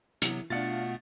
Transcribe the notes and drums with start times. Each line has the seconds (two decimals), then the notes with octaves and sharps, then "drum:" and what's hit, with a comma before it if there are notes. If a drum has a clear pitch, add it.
0.22 C3 E3 F#3 B3, drum: hi-hat
0.50 B2 A3 B3 D4 F4 F5 F#5 A6